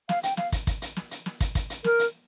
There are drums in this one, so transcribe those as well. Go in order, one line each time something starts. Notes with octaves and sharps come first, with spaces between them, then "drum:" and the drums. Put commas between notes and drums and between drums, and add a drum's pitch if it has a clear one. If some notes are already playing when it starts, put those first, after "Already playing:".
F5, drum: snare
G5, drum: hi-hat
F5, drum: snare
drum: kick, hi-hat
drum: kick, hi-hat
drum: hi-hat
drum: snare
drum: hi-hat
drum: snare
drum: kick, hi-hat
drum: kick, hi-hat
drum: hi-hat
A#4, drum: snare
drum: hi-hat